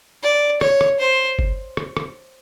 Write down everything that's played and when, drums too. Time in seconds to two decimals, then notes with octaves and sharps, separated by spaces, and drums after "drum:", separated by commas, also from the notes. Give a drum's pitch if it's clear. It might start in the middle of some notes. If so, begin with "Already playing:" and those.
0.23 D5
0.61 C#5, drum: rim click
0.81 drum: rim click
0.99 C5
1.39 drum: kick F#1
1.77 drum: rim click
1.97 drum: rim click